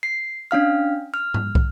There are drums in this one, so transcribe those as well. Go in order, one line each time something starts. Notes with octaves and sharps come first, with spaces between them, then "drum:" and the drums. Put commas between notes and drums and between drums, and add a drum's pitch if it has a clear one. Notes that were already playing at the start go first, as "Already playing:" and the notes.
C7
C#4 D4 F5 F6
F6
drum: tom G#2
drum: kick